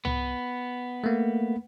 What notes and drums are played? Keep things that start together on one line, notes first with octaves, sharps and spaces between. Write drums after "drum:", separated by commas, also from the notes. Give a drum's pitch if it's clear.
B3, drum: tom C2
A3 A#3